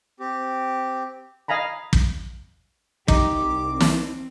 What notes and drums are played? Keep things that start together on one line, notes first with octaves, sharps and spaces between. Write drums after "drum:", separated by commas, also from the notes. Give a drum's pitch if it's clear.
C4 G4
D#5 F5 G#5 A#5 B5
drum: kick
C2 D#4 G4 D6, drum: kick
C4
drum: snare